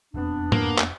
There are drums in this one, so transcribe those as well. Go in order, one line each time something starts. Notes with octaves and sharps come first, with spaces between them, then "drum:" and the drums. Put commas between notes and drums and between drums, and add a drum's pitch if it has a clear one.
E1 F2 B3 C4 D4
A#3, drum: tom G#2
drum: clap